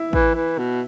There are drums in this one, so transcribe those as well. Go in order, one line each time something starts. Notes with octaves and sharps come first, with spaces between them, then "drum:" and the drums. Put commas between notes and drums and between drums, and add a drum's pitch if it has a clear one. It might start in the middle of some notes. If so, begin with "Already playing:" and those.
Already playing: E4
E3, drum: kick A1
E3
B2